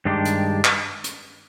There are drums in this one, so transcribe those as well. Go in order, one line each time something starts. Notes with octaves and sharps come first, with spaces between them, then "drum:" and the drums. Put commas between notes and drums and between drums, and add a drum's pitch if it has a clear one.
G2 D#3 G#3 D4 G4
drum: hi-hat
drum: clap
drum: hi-hat